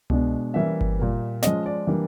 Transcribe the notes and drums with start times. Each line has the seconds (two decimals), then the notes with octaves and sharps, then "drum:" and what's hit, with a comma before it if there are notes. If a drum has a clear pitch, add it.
0.10 B2 G#3 B3 D4, drum: tom C2
0.54 E3 G3 A#3 C#4 E5
0.81 drum: kick G1
0.99 A#2 G3 A#3
1.43 F3 G#3 C#4 D#5, drum: snare
1.66 D5
1.87 E3 G3 A#3 D4